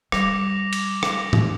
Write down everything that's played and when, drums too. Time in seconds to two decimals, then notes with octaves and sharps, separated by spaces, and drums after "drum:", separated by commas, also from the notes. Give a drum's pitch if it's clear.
0.12 G3 D6 A#6 F7, drum: rim click
0.73 drum: cymbal
1.03 drum: rim click
1.33 drum: tom G#2